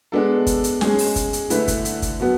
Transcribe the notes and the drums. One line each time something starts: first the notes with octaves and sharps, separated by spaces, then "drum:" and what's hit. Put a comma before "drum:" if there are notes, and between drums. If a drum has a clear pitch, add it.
G#3 B3 D4 A4
drum: kick, hi-hat
drum: hi-hat
G#3 C#4 G#4, drum: snare
drum: open hi-hat
drum: kick, hi-hat
drum: hi-hat
D3 A3 E4 B4, drum: hi-hat
drum: kick, hi-hat
drum: hi-hat
drum: kick, hi-hat
B2 F#3 B3